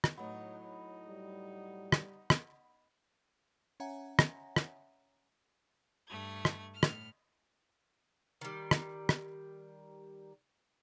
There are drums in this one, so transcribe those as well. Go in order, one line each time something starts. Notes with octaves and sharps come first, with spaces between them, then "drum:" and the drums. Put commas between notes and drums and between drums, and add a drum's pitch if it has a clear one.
drum: rim click
A2 F#3 B3 D#4
D#4
G3
drum: rim click
drum: rim click
C#4 C#5 E5 F#5 G#5 A#5
drum: rim click
drum: rim click
G2 A3 G#6
drum: rim click
A2 F6
drum: rim click
D#3 G3
drum: rim click
drum: rim click